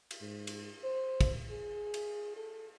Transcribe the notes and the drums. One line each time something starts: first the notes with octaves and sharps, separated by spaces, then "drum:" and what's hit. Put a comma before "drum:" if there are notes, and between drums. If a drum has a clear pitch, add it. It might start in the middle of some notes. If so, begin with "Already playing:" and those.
drum: cymbal
G#2
drum: cymbal
C5
drum: kick, cymbal
G#4
drum: cymbal
A4